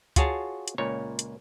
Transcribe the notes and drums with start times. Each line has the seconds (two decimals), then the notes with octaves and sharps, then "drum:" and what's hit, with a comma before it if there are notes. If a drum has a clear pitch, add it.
0.16 F4 F#4 G#4 C#5 A5, drum: kick, hi-hat
0.68 drum: hi-hat
0.78 C#2 A#2 C#5
1.19 drum: hi-hat